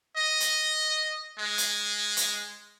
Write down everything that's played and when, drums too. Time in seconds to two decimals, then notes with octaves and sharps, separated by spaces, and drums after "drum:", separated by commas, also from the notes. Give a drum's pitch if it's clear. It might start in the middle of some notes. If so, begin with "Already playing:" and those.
0.16 D#5
0.40 drum: hi-hat
1.38 G#3
1.58 drum: hi-hat
2.17 drum: hi-hat